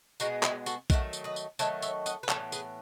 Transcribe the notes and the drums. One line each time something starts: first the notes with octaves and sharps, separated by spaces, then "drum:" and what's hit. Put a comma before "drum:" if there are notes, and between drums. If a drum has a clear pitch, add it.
B2 G#3 B3 D#4 F#4, drum: tambourine
E4 G#4, drum: clap
F#4 A4, drum: tambourine
D#3 F#3 A3 F#5, drum: kick A#1, tambourine
drum: tambourine
B4 D#5
drum: tambourine
D#3 F#3 A3 A4 C#5, drum: tambourine
C#5 E5, drum: tambourine
D#5 F#5, drum: tambourine
B4
A2 E3 B3 A4 C#5, drum: clap
G#4 B4, drum: tambourine